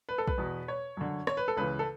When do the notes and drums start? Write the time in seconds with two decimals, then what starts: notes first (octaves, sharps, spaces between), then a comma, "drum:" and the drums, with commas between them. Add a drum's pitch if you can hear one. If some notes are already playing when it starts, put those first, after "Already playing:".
0.09 B4
0.18 A4
0.28 B4, drum: kick
0.38 E2 B2
0.68 C#5
0.97 F#2 D3
1.27 C#5, drum: rim click
1.37 B4
1.48 A4
1.57 C#2 C#3 E3 B4
1.79 A4